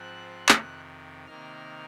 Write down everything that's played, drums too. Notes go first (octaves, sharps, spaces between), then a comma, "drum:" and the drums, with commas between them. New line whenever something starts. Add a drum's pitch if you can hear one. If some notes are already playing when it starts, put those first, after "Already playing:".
Already playing: G#2 F3 C4 F#6
F2 C3 D#3, drum: clap
C3 D#3 A#3 D#4 F6